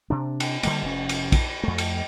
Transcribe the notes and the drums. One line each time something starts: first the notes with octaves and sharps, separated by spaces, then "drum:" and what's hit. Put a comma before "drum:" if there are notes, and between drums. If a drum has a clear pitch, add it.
C3 D4
drum: cymbal
D3 G3 A#3, drum: cymbal
F1 C#4
drum: cymbal
drum: kick, cymbal
F2 A3
drum: cymbal